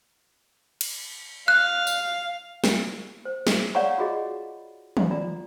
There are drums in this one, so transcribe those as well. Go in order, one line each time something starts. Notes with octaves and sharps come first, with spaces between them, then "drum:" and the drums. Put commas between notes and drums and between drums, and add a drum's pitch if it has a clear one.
drum: cymbal
F5 F#6
drum: tambourine
drum: snare
C5
G#4, drum: snare
C#5 D5 F5 F#5 A#5 C#6
F4 F#4 G#4 D#5
drum: tom
F4 D5 A#5